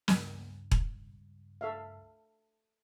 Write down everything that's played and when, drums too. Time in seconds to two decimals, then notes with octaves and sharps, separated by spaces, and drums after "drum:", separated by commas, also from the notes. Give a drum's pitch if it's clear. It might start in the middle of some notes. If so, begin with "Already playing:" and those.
0.08 C#2 G2, drum: snare
0.71 drum: kick E1
1.61 A4 E5 F5